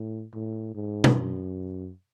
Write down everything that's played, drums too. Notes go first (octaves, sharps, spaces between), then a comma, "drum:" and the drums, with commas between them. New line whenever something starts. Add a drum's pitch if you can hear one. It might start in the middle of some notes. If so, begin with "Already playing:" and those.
Already playing: A2
A2
G#2
drum: tom B2
F#2